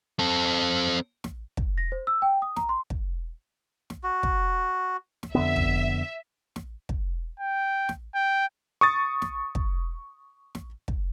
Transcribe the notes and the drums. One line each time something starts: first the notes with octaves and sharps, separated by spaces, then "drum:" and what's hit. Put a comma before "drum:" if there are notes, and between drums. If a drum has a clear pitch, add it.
C4 A4
drum: snare
drum: kick
A#6
C5
E6
G5
D#6
A#5, drum: snare
C6
drum: kick
drum: snare
F#4
drum: kick
drum: snare
F2 D3 B3 E5
drum: kick
drum: snare
drum: kick
G5
drum: snare
G5
C#6 D#6 A6
drum: snare
drum: kick
drum: snare
drum: kick